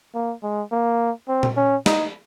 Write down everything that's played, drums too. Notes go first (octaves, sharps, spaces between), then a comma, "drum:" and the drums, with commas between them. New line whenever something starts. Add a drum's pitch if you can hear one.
A#3
G#3
A#3
C4
drum: tom A#2
C#4
D#4, drum: snare